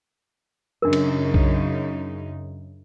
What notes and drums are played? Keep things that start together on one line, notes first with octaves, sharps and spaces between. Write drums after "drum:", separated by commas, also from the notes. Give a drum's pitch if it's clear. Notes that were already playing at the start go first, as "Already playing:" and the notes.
F#2 C#3 D4 D#4 A#4
drum: cymbal
drum: kick B1